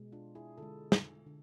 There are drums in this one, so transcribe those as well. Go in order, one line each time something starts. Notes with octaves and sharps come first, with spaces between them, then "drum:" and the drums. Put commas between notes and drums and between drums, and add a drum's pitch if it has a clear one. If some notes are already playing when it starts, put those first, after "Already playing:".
Already playing: B2 G#3
D4 F4
E4 G#4
D3 G#3 F4 A4
drum: snare
D3